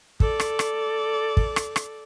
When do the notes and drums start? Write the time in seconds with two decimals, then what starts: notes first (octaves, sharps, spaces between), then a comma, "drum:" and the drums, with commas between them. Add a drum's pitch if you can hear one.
0.20 A4 D5, drum: kick
0.40 drum: rim click
0.59 drum: rim click
1.37 drum: kick
1.56 drum: rim click
1.76 drum: rim click